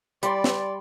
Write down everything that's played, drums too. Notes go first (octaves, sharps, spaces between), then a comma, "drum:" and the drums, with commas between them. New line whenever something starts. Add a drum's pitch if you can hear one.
G3 D5 B5 C6, drum: hi-hat
drum: snare